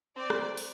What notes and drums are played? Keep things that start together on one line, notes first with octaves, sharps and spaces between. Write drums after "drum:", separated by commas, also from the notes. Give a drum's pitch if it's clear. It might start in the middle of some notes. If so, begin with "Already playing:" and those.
C4 D5
drum: rim click
drum: open hi-hat